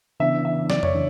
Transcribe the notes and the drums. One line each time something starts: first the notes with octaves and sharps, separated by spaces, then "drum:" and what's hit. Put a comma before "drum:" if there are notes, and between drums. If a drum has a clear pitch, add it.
C#3 E3 B3 D4 E5
E5
D5, drum: snare
C#5, drum: tom F2
C#3 E3 D4